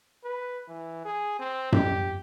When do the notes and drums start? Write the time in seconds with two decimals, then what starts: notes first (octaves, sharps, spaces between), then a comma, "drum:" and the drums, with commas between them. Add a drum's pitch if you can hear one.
0.24 B4
0.68 E3
1.05 G#4
1.39 C4
1.72 G4, drum: tom F#2